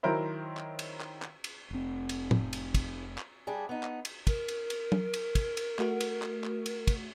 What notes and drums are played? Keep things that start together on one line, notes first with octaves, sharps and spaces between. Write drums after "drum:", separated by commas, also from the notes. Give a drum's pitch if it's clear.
D#3 F#3 E4 A#4 C5 E5
drum: clap
drum: cymbal
drum: clap
drum: clap
drum: cymbal
F1 C4
drum: cymbal
drum: tom A2
drum: cymbal
drum: kick, cymbal
drum: clap
G3 D4 G#4
B3 D#4
drum: clap
drum: cymbal
A#4, drum: kick, cymbal
drum: cymbal
drum: cymbal
drum: tom
drum: cymbal
drum: kick, cymbal
drum: cymbal
A3 F#4, drum: clap
drum: cymbal
drum: clap
drum: clap
drum: cymbal
drum: kick, cymbal